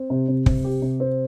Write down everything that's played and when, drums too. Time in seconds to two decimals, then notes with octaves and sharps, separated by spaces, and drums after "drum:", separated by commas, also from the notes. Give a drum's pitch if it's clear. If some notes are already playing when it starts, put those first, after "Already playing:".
Already playing: C4
0.10 C3
0.28 C3
0.46 C3, drum: kick
0.64 G4
0.82 C3
1.00 C4